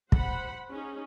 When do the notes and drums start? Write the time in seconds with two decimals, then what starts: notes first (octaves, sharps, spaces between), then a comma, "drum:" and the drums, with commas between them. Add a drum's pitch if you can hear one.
0.12 C5 F#5 B5, drum: kick
0.71 C#4 D#4 G#4